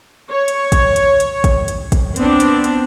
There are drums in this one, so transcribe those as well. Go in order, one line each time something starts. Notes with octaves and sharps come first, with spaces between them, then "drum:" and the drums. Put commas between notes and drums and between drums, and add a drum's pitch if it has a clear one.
C#5
drum: hi-hat
drum: kick, hi-hat
drum: hi-hat
drum: hi-hat
drum: kick, hi-hat
drum: hi-hat
drum: kick, hi-hat
B3 C4 D4, drum: hi-hat
drum: hi-hat
drum: hi-hat